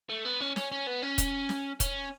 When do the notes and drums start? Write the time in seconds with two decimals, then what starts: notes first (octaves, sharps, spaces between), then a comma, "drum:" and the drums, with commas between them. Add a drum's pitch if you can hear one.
0.09 A3
0.25 B3
0.40 C#4
0.56 C#4, drum: snare
0.72 C#4
0.87 B3
1.03 C#4
1.18 drum: kick, hi-hat
1.49 drum: snare
1.80 C#4, drum: kick, hi-hat